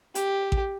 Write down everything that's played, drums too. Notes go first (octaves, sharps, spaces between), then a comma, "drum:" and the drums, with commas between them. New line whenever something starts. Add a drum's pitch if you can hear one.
G4, drum: hi-hat
drum: kick A1